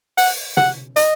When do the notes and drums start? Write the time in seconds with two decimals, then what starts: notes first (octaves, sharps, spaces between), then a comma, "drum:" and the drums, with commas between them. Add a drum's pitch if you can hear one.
0.18 F#5, drum: open hi-hat
0.57 F#5, drum: tom
0.96 D#5, drum: hi-hat